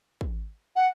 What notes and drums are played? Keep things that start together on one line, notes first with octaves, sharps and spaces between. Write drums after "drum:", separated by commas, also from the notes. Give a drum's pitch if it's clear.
drum: kick
F#5